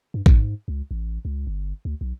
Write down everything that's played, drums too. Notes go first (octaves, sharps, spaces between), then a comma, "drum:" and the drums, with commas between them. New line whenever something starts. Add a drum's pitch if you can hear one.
G2
G#2, drum: kick A1
C#2
A1
C#2
G1
D2
B1